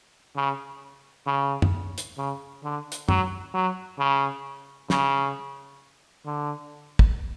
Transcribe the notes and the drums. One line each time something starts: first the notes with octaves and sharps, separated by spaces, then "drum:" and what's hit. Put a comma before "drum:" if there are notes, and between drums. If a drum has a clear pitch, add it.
C#3
C#3
drum: tom
drum: hi-hat
C#3
D3
drum: hi-hat
F#3, drum: tom
F#3
C#3
C#3, drum: snare
D3
drum: kick